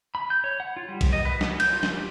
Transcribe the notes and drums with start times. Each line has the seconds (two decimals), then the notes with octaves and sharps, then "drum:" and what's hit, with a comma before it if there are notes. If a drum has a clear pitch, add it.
0.15 B5
0.30 G6
0.44 C#5
0.60 F#5
0.77 F4
0.88 G3
1.01 drum: kick, cymbal
1.13 D#5
1.25 B4
1.41 B3, drum: snare
1.60 G6, drum: cymbal
1.73 F4
1.83 drum: snare
1.93 G4